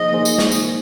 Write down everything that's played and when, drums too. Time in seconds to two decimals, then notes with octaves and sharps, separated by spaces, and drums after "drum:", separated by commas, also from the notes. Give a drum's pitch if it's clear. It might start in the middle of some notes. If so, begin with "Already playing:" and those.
Already playing: F3 A#3 D#4 G#4 C5 D#5
0.12 F3 A#3 D#4 G#4 C5
0.25 drum: tambourine
0.38 drum: snare
0.52 drum: tambourine